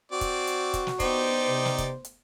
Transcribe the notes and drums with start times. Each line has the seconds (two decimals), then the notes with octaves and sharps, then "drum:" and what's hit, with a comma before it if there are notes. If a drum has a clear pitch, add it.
0.12 C4 F#4 D5
0.21 drum: kick, hi-hat
0.47 drum: hi-hat
0.74 drum: kick, hi-hat
0.87 drum: snare
1.00 B3 D#4 G4 C5 D5, drum: kick, hi-hat
1.48 C3
1.65 drum: snare
1.78 drum: kick, hi-hat
2.05 drum: hi-hat